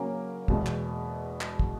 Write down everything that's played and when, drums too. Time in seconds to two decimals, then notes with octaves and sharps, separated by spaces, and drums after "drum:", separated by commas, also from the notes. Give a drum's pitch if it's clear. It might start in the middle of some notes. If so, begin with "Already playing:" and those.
Already playing: C#3 F#3 A#3 C#4 G#5 A#5
0.48 E2 B2 G#3, drum: kick
0.66 drum: clap
1.41 drum: clap
1.59 drum: kick